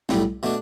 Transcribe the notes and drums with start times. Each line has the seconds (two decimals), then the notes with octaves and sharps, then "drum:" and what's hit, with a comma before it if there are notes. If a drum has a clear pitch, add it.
0.09 B1 A2 G3, drum: snare
0.43 B2 A3 D4